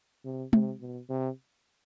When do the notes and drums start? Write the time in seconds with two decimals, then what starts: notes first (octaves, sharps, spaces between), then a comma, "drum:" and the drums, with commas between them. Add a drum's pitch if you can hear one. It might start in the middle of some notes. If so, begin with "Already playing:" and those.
0.25 C3
0.53 C3, drum: tom G#3
0.80 B2
1.09 C3